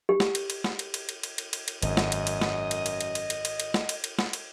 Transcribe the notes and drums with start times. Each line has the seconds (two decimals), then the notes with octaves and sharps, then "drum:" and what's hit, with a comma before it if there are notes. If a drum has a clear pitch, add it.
0.09 G4
0.20 drum: snare
0.35 drum: cymbal
0.50 drum: cymbal
0.64 drum: snare
0.79 drum: cymbal
0.94 drum: cymbal
1.09 drum: cymbal
1.23 drum: cymbal
1.38 drum: cymbal
1.53 drum: cymbal
1.68 drum: cymbal
1.82 G#1 F#2 D#5, drum: cymbal
1.97 drum: snare
2.12 drum: cymbal
2.27 drum: cymbal
2.42 drum: snare
2.71 drum: cymbal
2.86 drum: cymbal
3.01 drum: cymbal
3.15 drum: cymbal
3.30 drum: cymbal
3.45 drum: cymbal
3.60 drum: cymbal
3.74 drum: snare
3.89 drum: cymbal
4.04 drum: cymbal
4.19 drum: snare
4.33 drum: cymbal